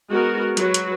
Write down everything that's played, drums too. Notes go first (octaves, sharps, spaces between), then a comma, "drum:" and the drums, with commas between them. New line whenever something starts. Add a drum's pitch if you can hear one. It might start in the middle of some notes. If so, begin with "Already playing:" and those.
G#3 B3 F#4 A#4
F#3 F#4 B4, drum: hi-hat
drum: hi-hat